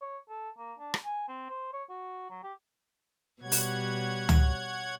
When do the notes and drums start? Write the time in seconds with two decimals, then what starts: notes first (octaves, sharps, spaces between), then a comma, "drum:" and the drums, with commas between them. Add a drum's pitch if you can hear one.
0.01 C#5
0.29 A4
0.58 A#3
0.79 D4
0.94 drum: rim click
1.04 G#5
1.29 C4
1.50 C5
1.73 C#5
1.90 F#4
2.30 F#3
2.44 G4
3.42 B2 G3 C#5 F#5 G#6
3.52 drum: open hi-hat
4.29 drum: tom C#2